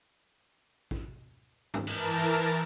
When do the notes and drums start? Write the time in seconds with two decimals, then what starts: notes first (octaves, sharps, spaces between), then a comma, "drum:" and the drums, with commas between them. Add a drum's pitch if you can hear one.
0.91 drum: kick A1
1.74 drum: tom
1.87 E3 A#4 A5, drum: cymbal